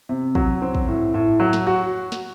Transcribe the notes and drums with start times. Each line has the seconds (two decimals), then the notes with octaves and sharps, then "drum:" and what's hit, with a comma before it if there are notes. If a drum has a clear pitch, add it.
0.09 C3
0.35 F#3, drum: kick
0.62 C4
0.75 drum: kick
0.88 A2
1.14 A2
1.40 F#3
1.53 drum: snare
1.67 F#4
2.12 drum: snare